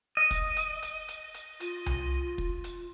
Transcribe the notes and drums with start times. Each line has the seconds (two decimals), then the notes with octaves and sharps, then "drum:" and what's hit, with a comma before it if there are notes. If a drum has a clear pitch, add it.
0.17 D#5
0.31 drum: kick, hi-hat
0.57 drum: hi-hat
0.83 drum: hi-hat
1.08 drum: hi-hat
1.34 drum: hi-hat
1.60 F4, drum: hi-hat
1.86 drum: tom C2
2.38 drum: kick
2.64 drum: hi-hat